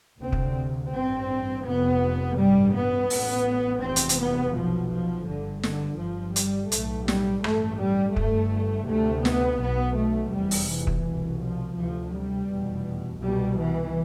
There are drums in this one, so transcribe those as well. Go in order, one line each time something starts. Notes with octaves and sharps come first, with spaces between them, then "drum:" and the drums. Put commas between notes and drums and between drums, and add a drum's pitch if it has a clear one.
D2 C3 C4
drum: kick
A1 G2 C4
F1 F2 C3 B3
A1 G2 G3
B3
A1 A2, drum: open hi-hat
F1 E2 C3 C4
drum: hi-hat
drum: hi-hat
B3
B1 B2 F3
F3
G1 G2 D3
D3, drum: snare
G1 G2 F3
G3, drum: hi-hat
B1 A2 A3, drum: hi-hat
G3, drum: snare
A1 G2 A3, drum: rim click
G3
G1 G2 A3, drum: kick
D2 C3 A3
B3, drum: snare
B1 B2 B3
A3
F1 E2 C3 G3
drum: open hi-hat
E3
drum: kick
C2 B2
F3
D2 C3 F3
G3
F1 E2 B2
C2 B2 G3
E3